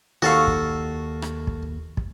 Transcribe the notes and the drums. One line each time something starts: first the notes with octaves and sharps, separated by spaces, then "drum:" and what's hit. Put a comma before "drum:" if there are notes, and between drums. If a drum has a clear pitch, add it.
D#2 F#4 A4 F5 C#6 E6
drum: kick
drum: rim click
drum: kick
drum: kick